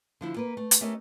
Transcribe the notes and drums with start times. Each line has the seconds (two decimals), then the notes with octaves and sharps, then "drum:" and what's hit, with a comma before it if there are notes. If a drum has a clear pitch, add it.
0.21 D3 F3 E4
0.37 A#3 B4
0.57 A3
0.71 drum: hi-hat
0.81 A3 C#4 G4 A#4 D#5